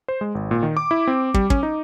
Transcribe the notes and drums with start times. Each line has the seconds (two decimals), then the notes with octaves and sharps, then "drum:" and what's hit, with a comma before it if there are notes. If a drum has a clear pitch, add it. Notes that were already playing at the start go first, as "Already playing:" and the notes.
0.08 C5
0.21 G#3
0.35 G#1
0.51 A#2
0.63 D#3
0.77 D6
0.91 E4
1.07 C4
1.34 G3, drum: kick
1.50 C#4, drum: kick
1.63 D#4